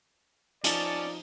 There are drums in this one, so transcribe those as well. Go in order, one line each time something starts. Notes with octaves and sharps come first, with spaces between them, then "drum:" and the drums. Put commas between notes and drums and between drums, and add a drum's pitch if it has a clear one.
F3 C#4 D#4 D5 A5, drum: hi-hat